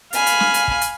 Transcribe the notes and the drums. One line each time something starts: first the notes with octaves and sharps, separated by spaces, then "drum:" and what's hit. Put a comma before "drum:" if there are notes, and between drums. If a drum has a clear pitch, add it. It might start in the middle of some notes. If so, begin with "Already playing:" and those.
F5 G#5 B5, drum: hi-hat
drum: hi-hat
drum: snare
drum: hi-hat
drum: kick
drum: hi-hat